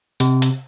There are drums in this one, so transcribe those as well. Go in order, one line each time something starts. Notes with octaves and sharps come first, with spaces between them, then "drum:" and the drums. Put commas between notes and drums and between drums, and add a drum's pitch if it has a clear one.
C3, drum: hi-hat
drum: hi-hat